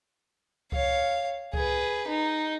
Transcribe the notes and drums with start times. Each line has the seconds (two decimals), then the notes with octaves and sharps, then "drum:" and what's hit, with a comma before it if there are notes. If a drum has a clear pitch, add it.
0.72 C#5 F5, drum: kick C2
1.54 G#4 B4, drum: kick C2
2.08 D#4